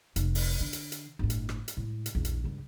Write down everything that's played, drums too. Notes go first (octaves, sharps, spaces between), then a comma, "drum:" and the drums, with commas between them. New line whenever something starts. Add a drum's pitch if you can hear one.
F1, drum: hi-hat
drum: open hi-hat
D3
drum: hi-hat
drum: hi-hat
G1 A2
drum: hi-hat
drum: rim click
drum: hi-hat
A2 G#3
drum: hi-hat
A#1 E2
drum: hi-hat
C#2 G2